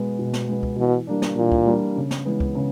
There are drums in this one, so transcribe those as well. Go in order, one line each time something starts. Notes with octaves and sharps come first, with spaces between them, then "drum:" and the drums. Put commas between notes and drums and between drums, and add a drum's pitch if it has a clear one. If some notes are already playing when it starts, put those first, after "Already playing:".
Already playing: B2 G#3 B3
B2
drum: snare
G#3 B3
drum: kick
B2 E3
G3 A#3 D4
drum: snare
A#2 E3
drum: kick
G3 A#3 D4
C#3
drum: snare
E3 G#3 B3
drum: kick
C#3